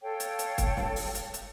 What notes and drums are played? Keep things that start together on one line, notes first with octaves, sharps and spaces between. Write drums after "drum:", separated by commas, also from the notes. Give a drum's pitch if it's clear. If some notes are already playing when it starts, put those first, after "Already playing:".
A4 C#5 F5 G5
drum: hi-hat
drum: hi-hat
drum: kick, hi-hat
drum: snare
drum: open hi-hat
drum: hi-hat
drum: hi-hat